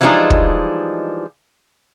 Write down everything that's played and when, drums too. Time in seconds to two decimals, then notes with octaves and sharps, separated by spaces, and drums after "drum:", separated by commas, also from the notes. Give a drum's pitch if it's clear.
0.01 E3 F3 G3 G#3 D4 D#4
0.30 drum: kick